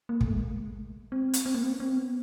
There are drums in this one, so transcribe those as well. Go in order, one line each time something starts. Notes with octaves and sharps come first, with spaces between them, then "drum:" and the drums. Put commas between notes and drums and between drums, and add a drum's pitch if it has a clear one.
A#3
A3, drum: kick
G#3
A3
G#3
C4
drum: hi-hat
C4
A#3
C4
C#4
C4
B3